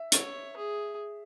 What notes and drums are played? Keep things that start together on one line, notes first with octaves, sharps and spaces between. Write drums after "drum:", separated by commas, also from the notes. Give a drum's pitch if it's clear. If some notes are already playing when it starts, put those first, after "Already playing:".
Already playing: E5
C#5, drum: hi-hat
G#4